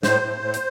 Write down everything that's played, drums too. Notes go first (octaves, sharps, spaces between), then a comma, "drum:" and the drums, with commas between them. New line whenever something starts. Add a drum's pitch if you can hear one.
A2 C5, drum: snare
A2
A2
drum: hi-hat